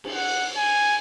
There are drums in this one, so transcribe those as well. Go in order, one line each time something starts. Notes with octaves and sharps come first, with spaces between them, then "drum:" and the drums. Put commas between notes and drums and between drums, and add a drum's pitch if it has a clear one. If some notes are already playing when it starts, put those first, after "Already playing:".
drum: cymbal
F#5
G#5